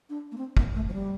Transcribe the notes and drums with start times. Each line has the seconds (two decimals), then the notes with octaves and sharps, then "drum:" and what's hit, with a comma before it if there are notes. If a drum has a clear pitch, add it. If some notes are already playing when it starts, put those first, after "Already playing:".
0.10 D4
0.32 A#3
0.38 C4
0.57 A#3, drum: kick
0.75 A3
0.88 F3
0.93 G3